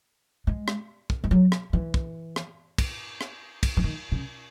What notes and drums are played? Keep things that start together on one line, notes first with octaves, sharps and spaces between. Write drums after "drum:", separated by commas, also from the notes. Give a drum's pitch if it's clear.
G#3
drum: rim click
drum: kick
G#3
F#3
drum: rim click
E3
drum: kick
drum: rim click
drum: kick, cymbal
drum: rim click
drum: kick, cymbal
E3
D#3
C#3